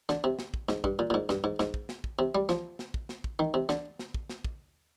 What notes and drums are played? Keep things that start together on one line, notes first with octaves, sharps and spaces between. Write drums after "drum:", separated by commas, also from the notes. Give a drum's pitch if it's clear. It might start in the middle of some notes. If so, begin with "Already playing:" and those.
D3, drum: snare
C3
drum: snare
drum: kick
G#2, drum: snare
G2, drum: kick
A#2
A#2
G#2
G2, drum: snare
G#2
G#2, drum: snare
drum: kick
drum: snare
drum: kick
C3
G3
F3, drum: snare
drum: snare
drum: kick
drum: snare
drum: kick
D#3
C3
D3, drum: snare
drum: snare
drum: kick
drum: snare
drum: kick